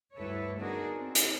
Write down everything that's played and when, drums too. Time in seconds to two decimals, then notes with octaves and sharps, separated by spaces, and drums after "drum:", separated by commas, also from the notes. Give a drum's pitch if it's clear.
0.15 D2 G2 E4 A4 B4 C#5
0.59 B3 D4 D#4 F#4 G#4 A#4
0.97 C4
1.15 drum: hi-hat